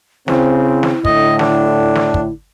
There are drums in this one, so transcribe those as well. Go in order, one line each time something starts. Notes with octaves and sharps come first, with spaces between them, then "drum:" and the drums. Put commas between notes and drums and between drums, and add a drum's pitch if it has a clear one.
C#3 C4 E4, drum: snare
drum: snare
A2 D3 D#5, drum: kick
D4, drum: snare
drum: snare
drum: kick